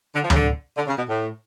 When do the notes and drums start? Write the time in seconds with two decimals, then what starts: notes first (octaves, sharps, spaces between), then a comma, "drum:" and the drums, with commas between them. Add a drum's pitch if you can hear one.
0.13 D3
0.24 F3
0.30 C#3, drum: tom
0.34 D3
0.77 D3
0.87 C#3
0.97 B2
1.08 A2